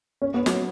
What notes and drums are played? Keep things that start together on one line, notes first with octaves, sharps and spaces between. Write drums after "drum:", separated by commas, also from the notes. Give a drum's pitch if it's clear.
C#4
B3
F#3, drum: snare